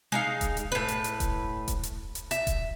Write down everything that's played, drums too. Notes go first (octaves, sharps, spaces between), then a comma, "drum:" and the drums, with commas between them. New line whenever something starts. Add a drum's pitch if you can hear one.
G#3 D#4 F5
drum: kick D#1, hi-hat
drum: hi-hat
A2 B4
drum: hi-hat
drum: hi-hat
drum: kick D#1, hi-hat
drum: kick D#1, hi-hat
drum: hi-hat
drum: hi-hat
E5, drum: hi-hat
drum: kick D#1, hi-hat